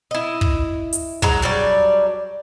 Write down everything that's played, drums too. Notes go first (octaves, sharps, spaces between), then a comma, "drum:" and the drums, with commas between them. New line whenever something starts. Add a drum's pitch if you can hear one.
E4 D#5
drum: kick
drum: hi-hat
F#3 G#3 A#5, drum: kick
F#3 G3 D4 D5